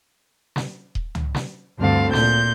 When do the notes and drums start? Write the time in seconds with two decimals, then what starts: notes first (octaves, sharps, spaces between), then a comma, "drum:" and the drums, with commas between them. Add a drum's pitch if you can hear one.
0.56 drum: snare
0.95 drum: kick D#1
1.15 drum: tom
1.35 drum: snare
1.78 D2 G2 D3 C4 A4 F5
2.13 A#2 G6, drum: snare